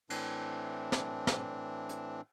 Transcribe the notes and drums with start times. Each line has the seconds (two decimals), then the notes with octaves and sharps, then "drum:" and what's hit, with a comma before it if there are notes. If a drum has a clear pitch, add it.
0.10 A2 E3 C4 D4, drum: cymbal
0.92 drum: snare
1.27 drum: snare
1.89 drum: hi-hat